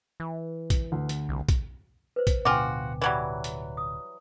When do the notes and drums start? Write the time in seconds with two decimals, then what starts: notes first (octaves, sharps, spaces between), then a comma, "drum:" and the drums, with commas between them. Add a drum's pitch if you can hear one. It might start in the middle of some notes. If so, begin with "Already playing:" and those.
0.20 E3
0.70 drum: kick, hi-hat
0.92 D2
1.09 drum: hi-hat
1.29 C2
1.49 drum: kick, hi-hat
2.16 B4 C5
2.27 drum: kick, hi-hat
2.45 D1 B2 D3 F4 F#4 G5 G#5 D6
3.01 E3 F#3 G3
3.44 drum: hi-hat
3.77 D#6